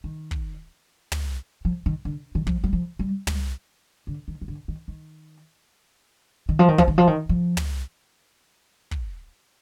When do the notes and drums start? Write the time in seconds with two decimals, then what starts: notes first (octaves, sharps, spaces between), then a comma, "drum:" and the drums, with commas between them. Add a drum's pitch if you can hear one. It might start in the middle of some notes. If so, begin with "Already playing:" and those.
0.04 D#3
0.31 drum: kick
1.12 drum: tom
1.65 F3
1.86 D#3
2.05 D3
2.35 D#3
2.47 F3, drum: kick
2.64 G3
2.73 F3
2.99 G3
3.27 G3, drum: tom
4.07 D3
4.28 D#3
4.41 D#3
4.48 D3
4.68 D#3
4.88 D#3
6.49 D#3
6.59 F3
6.68 D#3
6.78 F3, drum: kick
6.88 D#3
6.98 F3
7.07 D#3
7.29 F3
7.57 drum: tom
8.91 drum: kick